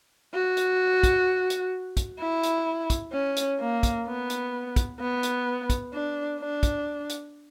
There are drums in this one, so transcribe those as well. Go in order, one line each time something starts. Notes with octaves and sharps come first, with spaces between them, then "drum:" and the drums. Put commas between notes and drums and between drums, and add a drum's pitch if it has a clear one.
F#4
drum: hi-hat
drum: kick, hi-hat
drum: hi-hat
drum: kick, hi-hat
E4
drum: hi-hat
drum: kick, hi-hat
C#4
drum: hi-hat
A#3
drum: kick, hi-hat
B3
drum: hi-hat
drum: kick, hi-hat
B3
drum: hi-hat
drum: kick, hi-hat
D4
D4
drum: kick, hi-hat
drum: hi-hat